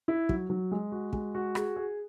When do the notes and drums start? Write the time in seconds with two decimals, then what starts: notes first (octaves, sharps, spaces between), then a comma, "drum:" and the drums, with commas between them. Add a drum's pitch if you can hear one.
0.08 E4
0.29 F#3, drum: kick
0.50 F#3
0.71 G#3
0.92 F#4
1.13 G#3, drum: kick
1.35 F#4
1.55 G#4, drum: rim click
1.76 G#4